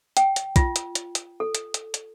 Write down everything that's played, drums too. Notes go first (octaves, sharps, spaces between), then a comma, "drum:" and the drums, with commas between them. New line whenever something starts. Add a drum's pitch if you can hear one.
G5, drum: hi-hat
drum: hi-hat
F4, drum: kick, hi-hat
drum: hi-hat
drum: hi-hat
drum: hi-hat
A4
drum: hi-hat
drum: hi-hat
drum: hi-hat